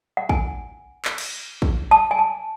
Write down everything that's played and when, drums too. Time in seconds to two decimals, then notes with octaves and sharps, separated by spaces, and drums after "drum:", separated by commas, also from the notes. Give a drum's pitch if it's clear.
0.17 F#5
0.29 G#5, drum: kick
1.05 drum: clap
1.18 drum: cymbal
1.62 drum: kick
1.91 A5
2.11 G#5
2.19 A5